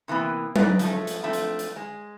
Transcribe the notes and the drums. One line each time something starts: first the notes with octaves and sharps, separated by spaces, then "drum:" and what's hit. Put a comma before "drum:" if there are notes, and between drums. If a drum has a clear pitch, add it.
C3 E3 A#3 B3
B4 D5 D#5, drum: tom F#3
F3 G#3 A3, drum: hi-hat
drum: hi-hat
F3 A3 C4 D4
drum: hi-hat
drum: hi-hat
G#3